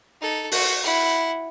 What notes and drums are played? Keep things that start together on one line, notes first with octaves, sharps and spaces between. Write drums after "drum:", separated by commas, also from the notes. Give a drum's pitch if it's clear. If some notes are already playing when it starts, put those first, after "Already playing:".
D#4 A4
F#4, drum: open hi-hat
E4 F#5